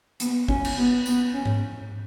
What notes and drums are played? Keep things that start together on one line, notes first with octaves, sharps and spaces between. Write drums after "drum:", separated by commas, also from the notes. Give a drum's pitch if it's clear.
B3, drum: hi-hat
C#4, drum: kick G#1
drum: cymbal
B3
B3, drum: tambourine
C#4
drum: tom G#2